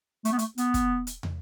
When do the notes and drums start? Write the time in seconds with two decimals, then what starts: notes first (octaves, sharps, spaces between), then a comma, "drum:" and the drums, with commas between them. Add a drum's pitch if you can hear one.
0.25 A3, drum: hi-hat
0.32 B3
0.39 A3, drum: hi-hat
0.58 B3, drum: hi-hat
0.74 drum: kick, hi-hat
1.07 drum: hi-hat
1.23 drum: tom